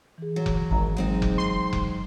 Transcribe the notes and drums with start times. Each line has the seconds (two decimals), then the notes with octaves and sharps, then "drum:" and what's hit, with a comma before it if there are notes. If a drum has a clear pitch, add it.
0.18 E3 G#4
0.36 F#3
0.46 drum: kick F1
0.71 G#1 A#5
0.97 F#3 G#3 C4 D#4
1.22 drum: kick F1
1.38 C6
1.73 drum: kick F1